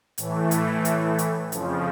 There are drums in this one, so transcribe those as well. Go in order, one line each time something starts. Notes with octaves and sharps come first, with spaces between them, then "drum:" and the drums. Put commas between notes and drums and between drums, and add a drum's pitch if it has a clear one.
A2 E3 A3, drum: hi-hat
drum: hi-hat
drum: hi-hat
drum: hi-hat
F2 C#3 F3, drum: hi-hat